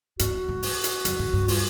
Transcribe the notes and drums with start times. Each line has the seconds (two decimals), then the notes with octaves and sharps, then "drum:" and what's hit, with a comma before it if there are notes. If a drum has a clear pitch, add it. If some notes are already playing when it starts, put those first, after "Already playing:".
0.19 G#2 F#4, drum: hi-hat
0.49 G#2
0.63 drum: open hi-hat
0.84 drum: hi-hat
1.05 F#2, drum: hi-hat
1.19 G#2
1.33 G2
1.48 F4, drum: open hi-hat